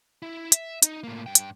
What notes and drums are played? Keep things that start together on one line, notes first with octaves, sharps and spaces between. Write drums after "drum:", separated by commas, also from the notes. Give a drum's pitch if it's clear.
E4
E5, drum: hi-hat
D#4, drum: hi-hat
A2 A#3
G2 G5
drum: hi-hat